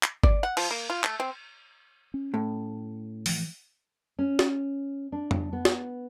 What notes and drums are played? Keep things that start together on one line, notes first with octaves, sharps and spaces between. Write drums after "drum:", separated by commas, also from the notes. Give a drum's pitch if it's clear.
drum: clap
D5, drum: kick G1
F#5
F3, drum: cymbal
A#3
F4
A3, drum: clap
C4
C#4
A2
E3 F3, drum: open hi-hat
C#4
drum: snare
D4
drum: tom F2
B3
drum: snare